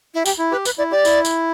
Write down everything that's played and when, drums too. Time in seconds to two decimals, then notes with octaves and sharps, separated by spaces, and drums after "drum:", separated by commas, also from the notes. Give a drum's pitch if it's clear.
0.14 E4
0.26 G4, drum: tambourine
0.39 E4
0.52 G4 B4
0.65 B4, drum: tambourine
0.78 E4 D5
0.91 G4 D5
1.05 E4, drum: tambourine
1.25 drum: tambourine